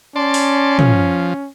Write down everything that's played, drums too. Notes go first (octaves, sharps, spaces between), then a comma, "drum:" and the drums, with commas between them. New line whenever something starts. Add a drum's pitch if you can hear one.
C#4 D5 A5 C6
drum: open hi-hat
F3, drum: tom